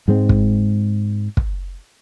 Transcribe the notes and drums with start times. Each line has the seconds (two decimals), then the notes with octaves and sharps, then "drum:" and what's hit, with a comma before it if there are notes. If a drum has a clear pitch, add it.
0.08 G#2 G#3 C4
0.29 drum: kick
1.37 drum: kick